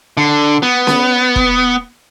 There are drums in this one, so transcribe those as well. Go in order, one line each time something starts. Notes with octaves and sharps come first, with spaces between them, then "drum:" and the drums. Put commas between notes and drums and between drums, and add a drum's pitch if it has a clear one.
D3
B3
drum: snare C#4
drum: kick F1